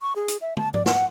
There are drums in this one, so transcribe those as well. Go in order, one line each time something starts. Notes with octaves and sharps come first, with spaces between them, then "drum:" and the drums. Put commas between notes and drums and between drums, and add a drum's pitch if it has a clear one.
C#6
G#4
drum: hi-hat
E5
A5, drum: tom
D5, drum: tom G#2
F#5, drum: snare